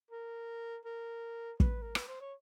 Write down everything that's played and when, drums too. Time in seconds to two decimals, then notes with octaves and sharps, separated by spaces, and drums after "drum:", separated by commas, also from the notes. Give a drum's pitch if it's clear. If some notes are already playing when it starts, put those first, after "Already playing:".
0.11 A#4
0.85 A#4
1.60 B4, drum: kick
1.82 A#4
1.95 B4, drum: rim click
2.08 C5
2.21 C#5